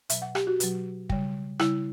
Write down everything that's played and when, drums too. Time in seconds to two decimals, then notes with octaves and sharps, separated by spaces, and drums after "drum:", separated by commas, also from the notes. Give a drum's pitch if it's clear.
0.10 B2 F#3 E5, drum: hi-hat
0.22 F#5
0.35 G4, drum: rim click
0.47 F#4
0.60 B2 F#3, drum: hi-hat
1.10 C#3 G3, drum: kick
1.59 C#3 G3 E4, drum: rim click